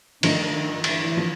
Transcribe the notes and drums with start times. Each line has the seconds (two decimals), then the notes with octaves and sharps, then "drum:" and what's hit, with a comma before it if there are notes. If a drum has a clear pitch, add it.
0.23 G2 D3 D#3 F3 A3, drum: cymbal
0.54 D#3
0.84 E3, drum: cymbal
1.16 D3 F3